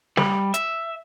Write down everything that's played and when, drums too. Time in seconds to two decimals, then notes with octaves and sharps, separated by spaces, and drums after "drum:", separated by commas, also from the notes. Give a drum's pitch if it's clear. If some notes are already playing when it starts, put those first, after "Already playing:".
0.17 G3, drum: snare
0.54 E5, drum: hi-hat